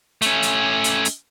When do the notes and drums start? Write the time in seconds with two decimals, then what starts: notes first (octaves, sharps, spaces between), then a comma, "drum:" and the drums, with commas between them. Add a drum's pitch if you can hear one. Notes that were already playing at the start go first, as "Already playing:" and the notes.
0.22 A3 C#4, drum: hi-hat
0.43 drum: hi-hat
0.84 drum: hi-hat
1.05 drum: hi-hat